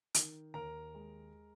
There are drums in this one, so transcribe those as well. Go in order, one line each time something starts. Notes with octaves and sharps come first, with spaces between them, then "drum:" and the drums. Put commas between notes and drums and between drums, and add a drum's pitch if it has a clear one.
D#3, drum: hi-hat
D#2 A#4 A#5
G#3